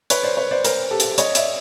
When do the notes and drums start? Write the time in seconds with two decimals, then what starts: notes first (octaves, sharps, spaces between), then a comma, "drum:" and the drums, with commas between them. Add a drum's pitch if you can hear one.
0.10 B4 C#5, drum: hi-hat
0.23 C5 D5
0.37 B4 C#5
0.51 C5 D5
0.64 A#4 C5, drum: hi-hat
0.91 G4 A4
1.00 drum: hi-hat
1.18 C#5 D#5, drum: hi-hat
1.35 D5 E5, drum: hi-hat